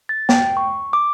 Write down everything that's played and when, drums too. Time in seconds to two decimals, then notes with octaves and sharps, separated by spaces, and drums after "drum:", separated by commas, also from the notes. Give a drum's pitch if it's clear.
0.09 A6
0.29 G5, drum: snare
0.57 C#6
0.93 D6